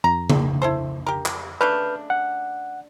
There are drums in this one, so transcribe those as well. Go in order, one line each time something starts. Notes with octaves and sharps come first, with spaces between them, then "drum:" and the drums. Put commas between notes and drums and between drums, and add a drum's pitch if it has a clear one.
F2 A#5
drum: tom C#3
E4 A4 C5
G4 A#4
drum: clap
C#3 A3 D4 B4 F6 G6
F#5